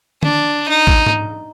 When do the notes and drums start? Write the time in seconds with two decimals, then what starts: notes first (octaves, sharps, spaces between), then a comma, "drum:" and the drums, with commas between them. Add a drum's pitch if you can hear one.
0.23 D4, drum: tom
0.68 D#4
0.87 drum: kick G#1
1.06 drum: tom G#2